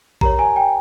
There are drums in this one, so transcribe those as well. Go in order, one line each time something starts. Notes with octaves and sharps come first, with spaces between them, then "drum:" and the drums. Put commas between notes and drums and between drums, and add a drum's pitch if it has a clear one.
G4 A#4 C#5 A#5, drum: kick A#1
G#5
G5